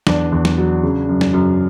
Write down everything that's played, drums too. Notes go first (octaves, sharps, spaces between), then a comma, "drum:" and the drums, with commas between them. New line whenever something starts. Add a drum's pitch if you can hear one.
E2 D4, drum: snare
E2
drum: snare
F#3
C#3
F#2
drum: snare
F#2